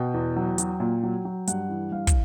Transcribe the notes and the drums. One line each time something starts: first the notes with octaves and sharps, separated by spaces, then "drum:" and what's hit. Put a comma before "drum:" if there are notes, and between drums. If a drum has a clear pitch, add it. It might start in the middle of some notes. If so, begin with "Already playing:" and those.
Already playing: B2 G5
E2
F#3
F#3, drum: hi-hat
A#2
F#3
F#3
G2 F#5, drum: hi-hat
E3
G2 F5
drum: kick, hi-hat